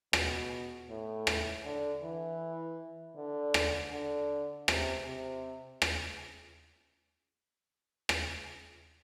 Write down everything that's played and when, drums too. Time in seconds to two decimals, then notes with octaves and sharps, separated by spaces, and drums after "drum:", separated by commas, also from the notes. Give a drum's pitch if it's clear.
0.13 B2, drum: rim click
0.89 A2
1.27 drum: rim click
1.65 D3
2.02 E3
3.16 D3
3.54 drum: rim click
3.92 D3
4.68 C3, drum: rim click
5.06 C3
5.82 drum: rim click
8.09 drum: rim click